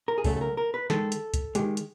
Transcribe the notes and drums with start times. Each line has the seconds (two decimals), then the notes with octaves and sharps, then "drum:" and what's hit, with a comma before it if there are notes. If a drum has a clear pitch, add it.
0.08 A#4
0.18 G#4
0.24 C#3 F#3 A3 A4, drum: kick, open hi-hat
0.36 A4
0.41 A#4
0.57 A#4
0.74 B4
0.90 D#3 G#3 A4, drum: snare
1.12 drum: hi-hat
1.34 drum: kick, hi-hat
1.55 D#3 G#3 G4, drum: hi-hat
1.77 drum: hi-hat